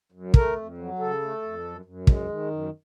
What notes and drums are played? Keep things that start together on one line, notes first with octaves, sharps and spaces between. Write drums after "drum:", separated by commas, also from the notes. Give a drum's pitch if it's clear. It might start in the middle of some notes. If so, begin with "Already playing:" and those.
F#2
A3 A#4, drum: kick
F2
F#3
C#3 A4
A3
F2
F#2
F#2
G#3, drum: kick
D#3
F#2